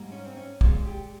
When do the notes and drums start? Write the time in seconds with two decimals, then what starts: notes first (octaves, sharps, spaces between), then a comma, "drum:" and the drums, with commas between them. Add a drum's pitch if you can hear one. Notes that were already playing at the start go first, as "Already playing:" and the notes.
Already playing: G#2 G3 A#3
0.12 C#4
0.25 C4
0.36 C#4
0.61 A#2 G#3 F4, drum: kick
0.85 G4